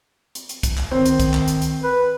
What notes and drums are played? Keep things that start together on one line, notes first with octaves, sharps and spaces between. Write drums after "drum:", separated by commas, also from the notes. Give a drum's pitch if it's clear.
drum: hi-hat
drum: hi-hat
drum: kick, hi-hat
drum: clap
D#3 C4
drum: hi-hat
drum: kick, hi-hat
drum: clap
drum: hi-hat
drum: hi-hat
B4